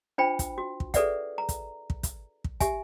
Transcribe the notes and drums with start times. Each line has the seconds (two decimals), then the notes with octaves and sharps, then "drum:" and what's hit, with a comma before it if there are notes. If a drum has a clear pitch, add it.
0.18 D4 F4 C5 G5 B5
0.39 drum: kick, hi-hat
0.58 F#4
0.80 drum: kick
0.94 G#4 A4 B4 D5 E5 F#5, drum: kick, hi-hat
1.38 A#5
1.49 drum: kick, hi-hat
1.90 drum: kick
2.03 drum: kick, hi-hat
2.44 drum: kick
2.60 G4 E5 G#5, drum: kick, hi-hat